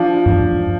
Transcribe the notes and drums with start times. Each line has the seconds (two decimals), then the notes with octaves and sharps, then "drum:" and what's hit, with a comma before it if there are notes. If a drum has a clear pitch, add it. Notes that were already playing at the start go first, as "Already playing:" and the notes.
Already playing: F3 D4
0.26 drum: tom G2